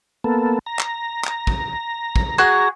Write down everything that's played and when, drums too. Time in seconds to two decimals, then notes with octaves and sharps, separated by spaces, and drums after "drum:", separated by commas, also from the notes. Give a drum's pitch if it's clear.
0.24 A#3 B3 A4
0.66 A#5
0.79 drum: clap
1.24 drum: clap
1.47 drum: kick
2.16 drum: kick
2.38 F#4 G#4 F#6